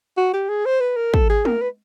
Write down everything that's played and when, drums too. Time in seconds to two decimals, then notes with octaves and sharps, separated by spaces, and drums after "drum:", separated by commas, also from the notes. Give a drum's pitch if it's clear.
0.17 F#4
0.33 G4
0.49 G#4
0.66 C5
0.81 B4
0.97 A#4
1.14 A4, drum: kick
1.30 G#4
1.45 A#4, drum: tom
1.62 B4